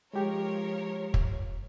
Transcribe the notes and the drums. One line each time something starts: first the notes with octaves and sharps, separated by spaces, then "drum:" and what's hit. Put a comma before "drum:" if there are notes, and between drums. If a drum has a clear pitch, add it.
F3 G#3 G4 A#4 C#5
drum: kick